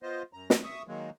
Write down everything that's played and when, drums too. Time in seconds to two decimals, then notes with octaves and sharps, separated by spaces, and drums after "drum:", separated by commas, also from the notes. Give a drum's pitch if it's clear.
0.03 B3 F4 C5 D#5
0.33 F#2 A#5
0.50 drum: snare
0.64 E5 C#6 D#6
0.88 D#3 F#3 G#3 A#3